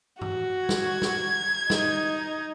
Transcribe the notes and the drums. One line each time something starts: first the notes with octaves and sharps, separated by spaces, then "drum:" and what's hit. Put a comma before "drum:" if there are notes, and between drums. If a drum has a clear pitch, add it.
F#4, drum: tom G2
G#6, drum: snare
drum: snare
D#4, drum: snare